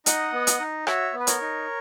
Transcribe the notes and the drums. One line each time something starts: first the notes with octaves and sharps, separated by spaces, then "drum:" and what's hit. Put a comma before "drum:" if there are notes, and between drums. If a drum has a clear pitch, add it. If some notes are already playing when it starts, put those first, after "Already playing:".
D#4 D#5 F#5, drum: hi-hat
B3
drum: hi-hat
D#4
F#4 C#5 E5, drum: rim click
B3
B4
A#4 C#5, drum: hi-hat
D#4